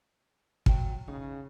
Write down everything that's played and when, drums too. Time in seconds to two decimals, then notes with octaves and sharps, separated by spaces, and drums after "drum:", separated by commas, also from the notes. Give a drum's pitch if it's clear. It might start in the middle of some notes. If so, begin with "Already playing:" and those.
0.66 F#3 F#4 G5, drum: kick
1.08 C#3 D#4